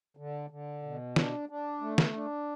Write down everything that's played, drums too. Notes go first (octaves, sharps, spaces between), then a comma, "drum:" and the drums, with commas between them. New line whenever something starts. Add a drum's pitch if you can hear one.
D3
D3
B2
D4, drum: snare
D4
A3
drum: snare
D4